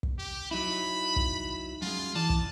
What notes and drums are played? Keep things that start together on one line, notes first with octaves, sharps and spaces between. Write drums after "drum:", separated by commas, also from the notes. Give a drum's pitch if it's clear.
drum: kick
G4
F#3 D#4 E4 B5
drum: kick
F#2 G#3 F4
E3 D5 A5
drum: kick